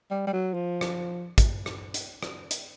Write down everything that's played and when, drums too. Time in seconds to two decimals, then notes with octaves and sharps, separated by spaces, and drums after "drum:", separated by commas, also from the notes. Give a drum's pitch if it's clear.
0.11 G3
0.27 G3
0.32 F#3
0.54 F3
0.81 drum: rim click
1.38 drum: kick, hi-hat
1.66 drum: rim click
1.94 drum: hi-hat
2.23 drum: rim click
2.51 drum: hi-hat